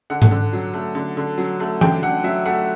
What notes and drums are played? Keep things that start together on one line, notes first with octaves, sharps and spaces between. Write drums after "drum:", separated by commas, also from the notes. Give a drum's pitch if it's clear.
D3 F#5
drum: tom G#2
D3
F#3
A3
D3
D3
F#3
A3
D3 G5, drum: tom E3
D3 F#5
F#3 E5
A3 F#5